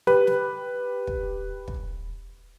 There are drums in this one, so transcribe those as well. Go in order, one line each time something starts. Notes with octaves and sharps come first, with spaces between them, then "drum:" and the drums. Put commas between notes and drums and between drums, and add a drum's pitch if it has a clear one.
G4 B4, drum: snare
drum: snare
drum: kick
drum: kick